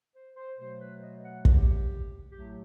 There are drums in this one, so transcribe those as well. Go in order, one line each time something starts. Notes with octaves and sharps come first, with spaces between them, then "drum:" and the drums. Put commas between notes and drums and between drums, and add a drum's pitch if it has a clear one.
C5
C5
B2 F#3 A3 C5
B4
D#5
F#5
G4, drum: kick
A2 F#3 A3 G4